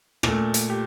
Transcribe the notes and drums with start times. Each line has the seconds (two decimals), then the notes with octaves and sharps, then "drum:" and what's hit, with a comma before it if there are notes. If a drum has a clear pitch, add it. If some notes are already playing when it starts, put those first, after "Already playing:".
0.23 A#2 A3, drum: rim click
0.54 drum: hi-hat
0.70 G4